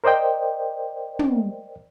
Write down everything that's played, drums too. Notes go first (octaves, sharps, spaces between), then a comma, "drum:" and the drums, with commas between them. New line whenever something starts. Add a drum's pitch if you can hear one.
A#4 C5 D5 D#5 G5
drum: tom